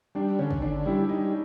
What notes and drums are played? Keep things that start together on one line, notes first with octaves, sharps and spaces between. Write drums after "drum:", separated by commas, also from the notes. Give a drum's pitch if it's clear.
G3 D4
D3 C#4
drum: kick
D3 D4
G3 E4
G3 D#4